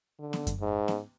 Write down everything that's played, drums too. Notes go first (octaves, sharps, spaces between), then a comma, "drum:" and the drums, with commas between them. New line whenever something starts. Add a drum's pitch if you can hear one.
D3
drum: snare B3
drum: kick F#2, hi-hat
G#2
drum: snare B3